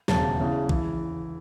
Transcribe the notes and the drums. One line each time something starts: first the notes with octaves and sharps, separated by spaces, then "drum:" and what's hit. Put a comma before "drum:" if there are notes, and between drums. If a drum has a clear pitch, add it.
E1 D#2 C#3 F#3 C4 A5, drum: snare
E2 C#3 E3
E3, drum: kick A#1